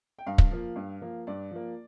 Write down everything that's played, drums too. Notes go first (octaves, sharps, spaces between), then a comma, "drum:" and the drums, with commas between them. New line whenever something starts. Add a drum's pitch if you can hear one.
G5
G2 F5
drum: kick
F3 A#3
G2
F3 A#3
G2 D5
F3 A#3